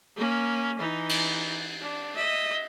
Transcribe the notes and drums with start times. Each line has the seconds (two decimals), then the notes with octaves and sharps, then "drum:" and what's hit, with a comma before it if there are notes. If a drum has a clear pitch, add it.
0.16 A#3 C#4
0.79 E3 D#4
1.09 drum: cymbal
1.81 D4
2.16 D#5 E5